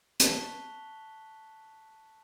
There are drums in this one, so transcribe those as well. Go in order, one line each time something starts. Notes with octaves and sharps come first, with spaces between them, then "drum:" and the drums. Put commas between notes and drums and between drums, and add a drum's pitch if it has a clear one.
A5 C#6 F#6 B6 F7 G7, drum: hi-hat